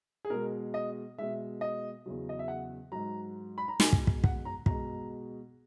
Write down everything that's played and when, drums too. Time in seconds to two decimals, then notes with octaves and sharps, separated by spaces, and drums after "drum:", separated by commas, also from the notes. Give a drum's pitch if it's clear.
0.25 G#4
0.30 B2 G#3 A#4
0.74 D#5
1.18 B2 G#3 E5
1.61 D#5
2.06 E2 C#3 F#3
2.29 D#5
2.39 E5
2.48 F#5
2.92 G#2 F#3 A#5
3.58 B5
3.68 A#5
3.80 B2 G#3 G#5, drum: snare
3.93 drum: kick
4.07 drum: kick
4.24 F#5, drum: kick
4.45 A#5
4.66 B2 G#3 A#5, drum: kick